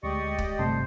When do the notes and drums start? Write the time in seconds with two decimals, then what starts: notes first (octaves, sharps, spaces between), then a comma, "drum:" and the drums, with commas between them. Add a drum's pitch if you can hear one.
0.03 D2 G#3 G4 D5 D#5 C#6
0.38 drum: kick
0.59 G1 G2 C3 A3 C5 A5